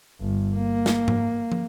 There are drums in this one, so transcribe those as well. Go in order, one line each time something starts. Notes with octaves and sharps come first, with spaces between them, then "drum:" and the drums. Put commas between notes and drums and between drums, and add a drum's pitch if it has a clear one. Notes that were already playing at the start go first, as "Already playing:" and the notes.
G1
A#3
drum: snare
drum: tom G#2
drum: tom